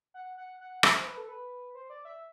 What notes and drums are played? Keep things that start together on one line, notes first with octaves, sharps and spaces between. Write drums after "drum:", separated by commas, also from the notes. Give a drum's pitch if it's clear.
F#5
F#5
F#5
E5, drum: rim click
C5
B4
A4
B4
C5
D5
E5